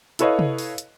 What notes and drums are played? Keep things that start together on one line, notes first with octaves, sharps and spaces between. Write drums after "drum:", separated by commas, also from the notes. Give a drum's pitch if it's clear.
E4 A4 B4 C#5 D#5 F5, drum: hi-hat
drum: tom C3
drum: open hi-hat
drum: hi-hat